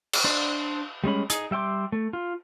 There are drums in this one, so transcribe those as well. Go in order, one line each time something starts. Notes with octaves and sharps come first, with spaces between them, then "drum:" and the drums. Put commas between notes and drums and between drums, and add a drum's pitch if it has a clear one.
drum: cymbal
D4 C5
G3 G#3 C#4 B5
D#4 G#4 D#6, drum: hi-hat
G3 E5 G5 C6 D6
A3
F4